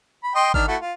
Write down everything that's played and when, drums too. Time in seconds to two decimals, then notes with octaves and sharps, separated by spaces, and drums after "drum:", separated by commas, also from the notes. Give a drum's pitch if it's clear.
0.23 B5
0.35 D#5 G5 C6
0.54 D#3 D4 F6, drum: kick G#1
0.68 A3 E4 F#4
0.82 F4